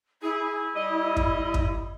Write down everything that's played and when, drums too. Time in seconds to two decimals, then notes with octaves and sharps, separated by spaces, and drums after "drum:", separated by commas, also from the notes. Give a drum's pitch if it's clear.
0.22 E4 G#4
0.75 G3 D#5
1.16 drum: kick
1.54 drum: kick